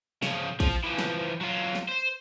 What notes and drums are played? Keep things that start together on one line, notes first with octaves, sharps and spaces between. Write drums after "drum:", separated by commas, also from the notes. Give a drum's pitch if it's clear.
C#3 F3, drum: snare
F3, drum: kick, cymbal
E3 F3
drum: snare
F#3 F4
drum: snare
C5